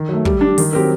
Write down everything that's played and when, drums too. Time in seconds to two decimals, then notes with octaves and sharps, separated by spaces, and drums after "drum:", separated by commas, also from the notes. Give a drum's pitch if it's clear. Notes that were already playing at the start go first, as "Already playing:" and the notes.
Already playing: D#3
0.09 F#3 A3
0.25 G3, drum: kick
0.41 D4 G4
0.58 D#3, drum: open hi-hat
0.73 F#3 C4 G4 A#4